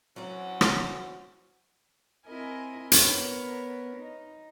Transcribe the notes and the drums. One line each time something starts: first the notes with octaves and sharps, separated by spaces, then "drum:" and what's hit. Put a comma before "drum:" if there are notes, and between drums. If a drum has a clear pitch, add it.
E3 F#3 C4 C#4 F#4 D5
drum: rim click
C4 E4 A#4 D#5 G#5
B3 A#4 B4 C#5, drum: hi-hat
D#4